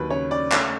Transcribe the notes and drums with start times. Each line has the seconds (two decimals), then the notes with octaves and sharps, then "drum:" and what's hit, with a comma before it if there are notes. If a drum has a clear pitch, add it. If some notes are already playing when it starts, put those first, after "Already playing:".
Already playing: D#2 F#3 B4
0.10 C#3 C#5
0.31 C#3 D5
0.52 A3 C#5, drum: clap